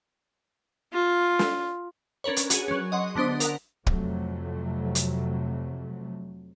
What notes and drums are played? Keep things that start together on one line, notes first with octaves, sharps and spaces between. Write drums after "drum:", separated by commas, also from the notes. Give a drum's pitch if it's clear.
F4
drum: snare
C#4 D4 A#4 B4 C#5
drum: hi-hat
F#4 G#4, drum: hi-hat
F#3 C#4
D#5 F#5 C6
D3 B3 D4 C5 D#6
A#4 F#5, drum: hi-hat
F2 C3 F#3 A3, drum: kick
drum: hi-hat